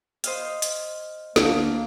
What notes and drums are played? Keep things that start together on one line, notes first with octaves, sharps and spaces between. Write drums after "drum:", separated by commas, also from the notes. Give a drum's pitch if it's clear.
C5 D#5 F5, drum: hi-hat
drum: hi-hat
D2 A#3 C4 D4, drum: snare